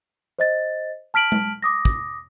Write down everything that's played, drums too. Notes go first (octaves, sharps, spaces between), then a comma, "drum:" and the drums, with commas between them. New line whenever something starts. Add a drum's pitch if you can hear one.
C5 D#5 A6
A5 F6 B6 D7 F#7
drum: tom G#3
D6 D#6 A#6
drum: kick